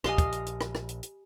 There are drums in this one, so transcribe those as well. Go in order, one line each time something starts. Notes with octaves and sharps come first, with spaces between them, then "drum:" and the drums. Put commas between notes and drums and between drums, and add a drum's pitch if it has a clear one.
A#1 G4 D#5 F5 G#5 C6, drum: rim click
drum: kick, hi-hat
drum: hi-hat
drum: hi-hat
drum: rim click
drum: rim click
drum: hi-hat
drum: hi-hat